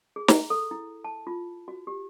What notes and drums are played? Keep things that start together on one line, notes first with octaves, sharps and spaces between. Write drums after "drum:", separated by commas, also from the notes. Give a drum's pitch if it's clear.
G#4
A#5, drum: snare
A4
E4
A5
F4
F#4
G4